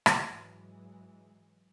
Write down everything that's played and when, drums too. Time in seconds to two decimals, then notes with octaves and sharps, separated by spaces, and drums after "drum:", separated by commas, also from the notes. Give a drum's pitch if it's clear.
0.06 drum: rim click
0.24 G#2 E3 F#3 G#3